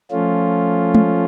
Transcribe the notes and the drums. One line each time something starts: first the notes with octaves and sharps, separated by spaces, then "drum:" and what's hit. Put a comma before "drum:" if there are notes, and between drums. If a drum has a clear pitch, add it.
F3 A3 C#4 F4
drum: tom G#3